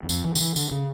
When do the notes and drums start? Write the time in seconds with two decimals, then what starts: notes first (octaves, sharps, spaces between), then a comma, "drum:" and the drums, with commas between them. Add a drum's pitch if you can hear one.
0.03 E2
0.09 F2, drum: tambourine
0.25 E3
0.35 D3, drum: tambourine
0.40 E3
0.56 D3, drum: tambourine
0.71 C#3